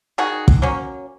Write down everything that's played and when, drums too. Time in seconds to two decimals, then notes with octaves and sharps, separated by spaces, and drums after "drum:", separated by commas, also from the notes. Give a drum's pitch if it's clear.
0.18 D#3 F#4 G#4
0.48 drum: kick
0.62 F#3 A#3 C#4